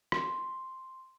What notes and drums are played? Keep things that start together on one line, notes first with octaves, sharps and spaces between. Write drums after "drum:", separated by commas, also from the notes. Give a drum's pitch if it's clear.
C6, drum: rim click